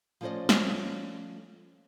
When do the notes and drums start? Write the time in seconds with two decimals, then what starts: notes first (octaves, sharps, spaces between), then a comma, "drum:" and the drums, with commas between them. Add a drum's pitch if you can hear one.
0.21 F3 A3 C#4 C5 D5 D#5
0.49 drum: snare